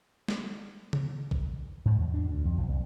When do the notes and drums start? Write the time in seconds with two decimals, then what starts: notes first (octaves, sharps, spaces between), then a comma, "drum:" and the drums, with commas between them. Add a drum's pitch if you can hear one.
0.28 drum: snare
0.93 drum: tom C#3
1.31 drum: kick A1
1.85 G#2
2.01 E2
2.14 D4
2.27 D2
2.45 F2
2.58 B1
2.69 C2